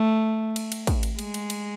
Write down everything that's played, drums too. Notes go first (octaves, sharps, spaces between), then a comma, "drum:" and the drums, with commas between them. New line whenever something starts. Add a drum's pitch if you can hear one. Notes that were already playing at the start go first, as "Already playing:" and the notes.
Already playing: A3
drum: cymbal
drum: cymbal
drum: kick, cymbal
drum: cymbal
G#3, drum: cymbal
drum: cymbal
drum: cymbal